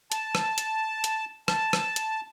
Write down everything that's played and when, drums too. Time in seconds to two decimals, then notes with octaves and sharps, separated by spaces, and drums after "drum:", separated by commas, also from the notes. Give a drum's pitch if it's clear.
0.12 A5, drum: hi-hat
0.35 drum: rim click
0.58 drum: hi-hat
1.04 drum: hi-hat
1.48 A5, drum: rim click
1.73 drum: rim click
1.96 drum: hi-hat